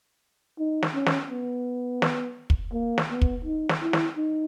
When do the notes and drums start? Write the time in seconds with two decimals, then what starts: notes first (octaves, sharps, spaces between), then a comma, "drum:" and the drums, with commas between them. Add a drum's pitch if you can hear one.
0.59 D#4
0.83 drum: snare
0.94 C#4
1.06 drum: snare
1.30 B3
2.02 drum: snare
2.50 drum: kick
2.73 A#3
2.98 drum: snare
3.10 B3
3.22 drum: kick
3.45 D#4
3.69 drum: snare
3.81 E4
3.93 drum: snare
4.17 D#4